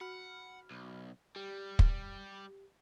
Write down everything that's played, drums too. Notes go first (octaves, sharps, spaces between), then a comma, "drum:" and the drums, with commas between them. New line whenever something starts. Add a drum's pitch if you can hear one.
F#4 F#5 B5 F6
B1
G3 G4
drum: kick